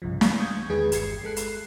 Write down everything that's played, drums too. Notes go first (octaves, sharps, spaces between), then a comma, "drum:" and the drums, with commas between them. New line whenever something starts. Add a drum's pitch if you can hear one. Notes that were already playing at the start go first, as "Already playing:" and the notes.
C2 G2 C#3 F3
E3 F5 C#6, drum: snare
C#6 D#6 G6 G#6
E2 D#3 G#3 G#4 B4 G#6
G1 G4 G#6 C7 C#7, drum: hi-hat
G#3 A4 F#6 C7
drum: hi-hat